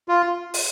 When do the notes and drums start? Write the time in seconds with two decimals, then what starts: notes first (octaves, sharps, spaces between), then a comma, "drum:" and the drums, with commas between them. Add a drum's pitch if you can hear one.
0.08 F4
0.54 drum: open hi-hat